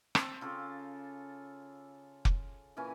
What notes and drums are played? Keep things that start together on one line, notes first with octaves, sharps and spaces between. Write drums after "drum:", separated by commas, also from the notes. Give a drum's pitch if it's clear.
C4 A5, drum: rim click
C#3 F4 A4 D6
drum: kick F1
A#2 E3 C#4 G#5